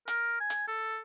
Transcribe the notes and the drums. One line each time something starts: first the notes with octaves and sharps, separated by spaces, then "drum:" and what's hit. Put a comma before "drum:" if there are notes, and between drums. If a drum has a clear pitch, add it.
A#4, drum: hi-hat
G#5
drum: hi-hat
A4